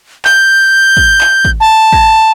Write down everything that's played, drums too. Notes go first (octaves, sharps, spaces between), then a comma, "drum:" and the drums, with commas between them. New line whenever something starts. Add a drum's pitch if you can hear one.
G6, drum: clap
drum: kick
drum: clap
drum: kick
A5
drum: kick